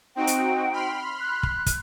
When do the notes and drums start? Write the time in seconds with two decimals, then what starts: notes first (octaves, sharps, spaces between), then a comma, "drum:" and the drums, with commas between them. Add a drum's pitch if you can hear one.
0.16 C4 D#4 F#4 G5
0.27 drum: hi-hat
0.72 B5 C6 F6
1.20 F#6
1.43 drum: kick
1.66 drum: kick, hi-hat